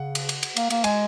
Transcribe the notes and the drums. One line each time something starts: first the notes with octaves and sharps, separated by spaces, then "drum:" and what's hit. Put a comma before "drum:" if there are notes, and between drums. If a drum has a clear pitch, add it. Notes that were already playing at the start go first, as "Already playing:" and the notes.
Already playing: C#3 F#5
drum: cymbal
drum: cymbal
drum: cymbal
A#3, drum: cymbal
A#3, drum: cymbal
G#3 G#5, drum: cymbal